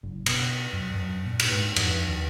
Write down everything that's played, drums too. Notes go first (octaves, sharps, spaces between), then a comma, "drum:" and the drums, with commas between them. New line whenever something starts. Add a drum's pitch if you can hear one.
F#1
B2, drum: cymbal
F#2
F#2
A#2
drum: cymbal
G#2
F2, drum: cymbal
D#2